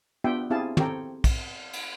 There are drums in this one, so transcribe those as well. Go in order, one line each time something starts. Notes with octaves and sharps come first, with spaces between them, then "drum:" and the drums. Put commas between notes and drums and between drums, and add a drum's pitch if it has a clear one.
B3 D4 F4 G4 E5 G5
C4 E4 G4 G#4 F5 A5
C4 G4 A4 C#5 G5 A#5, drum: tom
drum: kick, cymbal
drum: cymbal